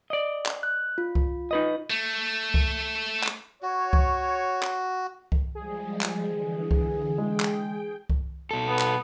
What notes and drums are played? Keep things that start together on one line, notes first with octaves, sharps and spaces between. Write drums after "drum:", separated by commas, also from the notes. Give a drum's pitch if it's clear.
D5 D#5
drum: clap
F#6
F4
drum: kick C2
D#4 B4 D#5
A3
drum: kick C2
drum: clap
F#4 C#5
drum: kick C2
drum: clap
drum: kick C2
F3 G3 G#3 G#4
drum: clap
D3 E3
drum: kick C2
G#3 G5
drum: clap
drum: kick C2
B2 A4
B3
drum: clap